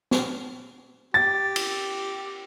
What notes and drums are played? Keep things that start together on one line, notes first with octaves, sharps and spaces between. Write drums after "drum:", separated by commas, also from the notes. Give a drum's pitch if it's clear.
drum: snare
G4 A6
drum: cymbal